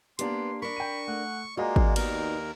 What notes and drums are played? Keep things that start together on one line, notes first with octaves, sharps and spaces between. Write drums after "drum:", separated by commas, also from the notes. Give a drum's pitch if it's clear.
A#3 B3 D4 G4 D5 C6, drum: hi-hat
D4 A#4 B5 C#6
G5 D#7
A3 F#5
G#3 A#3 F4 F#4 D5 D#5 A#5
drum: kick G#1
D#2 B3 D#4 A#4, drum: cymbal